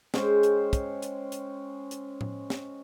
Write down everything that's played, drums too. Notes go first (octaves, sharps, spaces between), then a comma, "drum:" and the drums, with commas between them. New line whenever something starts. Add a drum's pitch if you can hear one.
G#3 C#4 C5 G5, drum: snare
drum: hi-hat
drum: kick, hi-hat
drum: hi-hat
drum: hi-hat
drum: hi-hat
drum: tom A2
drum: snare